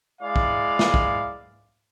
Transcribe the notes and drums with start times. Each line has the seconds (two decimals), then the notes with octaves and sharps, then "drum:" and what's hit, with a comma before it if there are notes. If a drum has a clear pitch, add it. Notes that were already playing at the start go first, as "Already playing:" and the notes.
0.21 G#3 E4 D5 F5
0.36 drum: kick
0.79 drum: snare
0.94 drum: kick